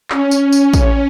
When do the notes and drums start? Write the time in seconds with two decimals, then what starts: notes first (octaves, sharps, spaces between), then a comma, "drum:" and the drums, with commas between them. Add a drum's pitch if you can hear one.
0.10 C#4, drum: clap
0.31 drum: tambourine
0.52 drum: tambourine
0.74 drum: kick, tambourine